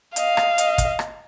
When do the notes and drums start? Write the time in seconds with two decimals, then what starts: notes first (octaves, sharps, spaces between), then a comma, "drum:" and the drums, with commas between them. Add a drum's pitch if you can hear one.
0.16 D#5 F5, drum: hi-hat
0.37 drum: rim click
0.58 D#5, drum: hi-hat
0.78 drum: kick, hi-hat
0.99 drum: rim click